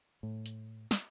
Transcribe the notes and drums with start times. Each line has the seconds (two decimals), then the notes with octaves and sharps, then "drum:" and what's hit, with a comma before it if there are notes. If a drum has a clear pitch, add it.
0.23 A2
0.46 drum: hi-hat
0.91 drum: snare